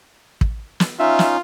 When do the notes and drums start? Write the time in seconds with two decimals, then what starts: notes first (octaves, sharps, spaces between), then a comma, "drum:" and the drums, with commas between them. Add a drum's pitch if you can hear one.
0.41 drum: kick
0.80 drum: snare
0.99 C#4 D#4 F4 E5
1.19 drum: snare